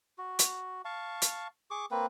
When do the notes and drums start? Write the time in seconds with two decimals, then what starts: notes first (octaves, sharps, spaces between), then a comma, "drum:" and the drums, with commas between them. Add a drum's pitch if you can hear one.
0.18 F#4
0.39 drum: hi-hat
0.85 F5 A5 C#6
1.22 drum: hi-hat
1.71 G#4 C#6 D6
1.91 A#3 C4 B4